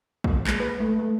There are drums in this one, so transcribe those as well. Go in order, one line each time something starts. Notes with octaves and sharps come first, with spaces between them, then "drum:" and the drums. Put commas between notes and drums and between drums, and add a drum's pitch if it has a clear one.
A#3, drum: kick
G#3, drum: clap
B4
A3
A3